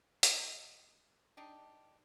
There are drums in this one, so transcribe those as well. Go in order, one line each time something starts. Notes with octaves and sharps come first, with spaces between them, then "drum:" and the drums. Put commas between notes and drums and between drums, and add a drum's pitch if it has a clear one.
D#5, drum: hi-hat
D4 D#4 G4